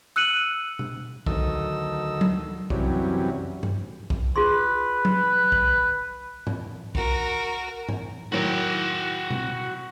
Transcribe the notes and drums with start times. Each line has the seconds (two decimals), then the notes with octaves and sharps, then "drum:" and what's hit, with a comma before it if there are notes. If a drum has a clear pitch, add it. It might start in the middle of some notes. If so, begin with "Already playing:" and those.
0.16 E6 F#6 C#7 D#7 F#7
0.79 drum: tom B2
1.26 D2 D#3 F#3 A4 D#5 E6, drum: kick B1
2.21 drum: tom F#3
2.70 F#2 C3 E3 F#3 G3 C#4, drum: kick B1
3.63 drum: tom G2
4.10 drum: kick B1
4.36 F4 G#4 B4 C6
5.05 drum: tom F#3
5.52 drum: kick B1
6.47 drum: tom G#2
6.95 F#4 A#4, drum: kick B1
7.89 drum: tom G#2
8.32 A2 D#3 F#3 F#4 G5
9.30 drum: tom B2